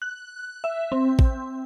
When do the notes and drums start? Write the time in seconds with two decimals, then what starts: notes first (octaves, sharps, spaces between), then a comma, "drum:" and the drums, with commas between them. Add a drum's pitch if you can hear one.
0.02 F#6
0.64 E5
0.92 C4
1.19 drum: kick A1